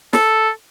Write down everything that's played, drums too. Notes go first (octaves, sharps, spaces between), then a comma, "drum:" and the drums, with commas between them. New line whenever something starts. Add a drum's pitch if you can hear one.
A4, drum: snare